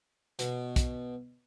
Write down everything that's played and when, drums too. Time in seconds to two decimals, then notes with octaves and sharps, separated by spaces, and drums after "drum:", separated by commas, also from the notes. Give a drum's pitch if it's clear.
0.39 B2, drum: hi-hat
0.76 drum: kick, hi-hat